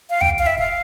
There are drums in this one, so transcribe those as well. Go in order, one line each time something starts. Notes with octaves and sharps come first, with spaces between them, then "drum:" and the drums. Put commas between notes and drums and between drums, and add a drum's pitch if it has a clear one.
F5
G5, drum: tom
F5
E5
F5, drum: kick